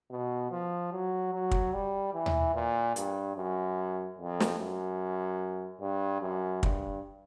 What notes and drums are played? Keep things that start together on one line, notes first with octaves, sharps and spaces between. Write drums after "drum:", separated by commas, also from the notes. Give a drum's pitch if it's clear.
B2
F3
F#3
F#3
drum: kick
G3
E3
drum: tom D#2
A#2
G2, drum: hi-hat
F#2
F2
drum: snare
F#2
G2
F#2
G2, drum: kick